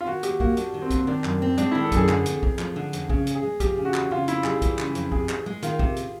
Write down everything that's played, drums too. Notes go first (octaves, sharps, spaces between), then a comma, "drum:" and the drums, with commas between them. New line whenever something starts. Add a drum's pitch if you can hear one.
F4
D#3 F#4
D#2 G4, drum: hi-hat
A#3 F#4, drum: kick
G3 D4, drum: hi-hat
D#3
C4
D#2, drum: kick, hi-hat
D#3 D4
F#2, drum: clap
C4
G#3 D4, drum: hi-hat
D#3 E4
A4
F#2 G#4, drum: kick, hi-hat
D3, drum: clap
F2, drum: hi-hat
F2, drum: kick
F3, drum: clap
D3
F2, drum: hi-hat
C#3 G#4, drum: kick
E2, drum: hi-hat
G#4
G#3
F3 G4, drum: kick, hi-hat
C#3
F#4
E2, drum: clap
C#3 F4
F2 E4, drum: hi-hat
G3 G#4, drum: clap
E3, drum: kick, hi-hat
C#3, drum: clap
F2, drum: hi-hat
C3 G#4, drum: kick
E2, drum: clap
G#3
D#3 F4, drum: hi-hat
C3, drum: kick
drum: hi-hat